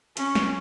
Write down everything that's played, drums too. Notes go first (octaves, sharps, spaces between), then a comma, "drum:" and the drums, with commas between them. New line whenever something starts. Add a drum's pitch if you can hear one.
C#4, drum: hi-hat
drum: snare